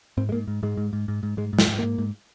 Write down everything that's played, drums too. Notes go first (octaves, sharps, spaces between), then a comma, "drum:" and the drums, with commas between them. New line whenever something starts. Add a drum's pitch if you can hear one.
G#2 C4
G#3
G#2 A#3
G#2
G#2 G#3
G#2
G#2
G#2
G#2
G#2 G#3
G#2
F#3, drum: snare
G#2
G#2 A#3
G#2